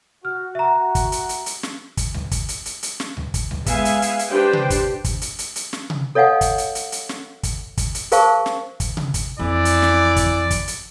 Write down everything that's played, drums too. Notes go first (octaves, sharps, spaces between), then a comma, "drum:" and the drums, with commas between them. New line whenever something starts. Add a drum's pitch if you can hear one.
F#4 F6
E5 A#5
drum: kick, hi-hat
drum: hi-hat
drum: hi-hat
drum: hi-hat
drum: snare
drum: kick, hi-hat
drum: tom C#2
drum: kick, hi-hat
drum: hi-hat
drum: hi-hat
drum: hi-hat
drum: snare
drum: tom C#2
drum: kick, hi-hat
drum: tom C#2
G#3 B3 E5 F5 G#5, drum: kick, hi-hat
drum: hi-hat
drum: hi-hat
drum: hi-hat
D4 G4 B4 C5 G5
drum: tom C3
drum: kick, hi-hat
drum: kick, hi-hat
drum: hi-hat
drum: hi-hat
drum: hi-hat
drum: snare
drum: tom C3
A4 C#5 D#5 F5 F#5 G#5
drum: kick, hi-hat
drum: hi-hat
drum: hi-hat
drum: hi-hat
drum: snare
drum: kick, hi-hat
drum: kick, hi-hat
drum: hi-hat
G#4 A#4 C5 F5 A5 C#6, drum: hi-hat
drum: snare
drum: kick, hi-hat
drum: tom C3
drum: kick, hi-hat
F2 E3 D5
drum: hi-hat
drum: snare
drum: kick, hi-hat
drum: kick, hi-hat
drum: hi-hat